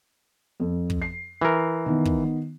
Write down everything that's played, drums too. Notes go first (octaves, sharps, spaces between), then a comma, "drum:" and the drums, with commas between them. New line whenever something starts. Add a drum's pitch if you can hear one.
F2
drum: kick
C7
E3 A#4
D#3 B3
drum: kick